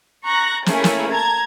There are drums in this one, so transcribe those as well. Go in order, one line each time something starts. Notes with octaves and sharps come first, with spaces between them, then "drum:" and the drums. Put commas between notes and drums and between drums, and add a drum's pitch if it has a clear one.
A#5 C#6 F#6 A#6
A3 A#3 C#4 E4 G#4, drum: snare
drum: snare
A5 A#5 G#6